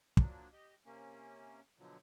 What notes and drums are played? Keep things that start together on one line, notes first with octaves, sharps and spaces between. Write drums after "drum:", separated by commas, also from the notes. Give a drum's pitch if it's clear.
F3 F#3 A#3 D4, drum: kick
G4 D#5
C3 A#3 C#4
B2 D3 F3 F#3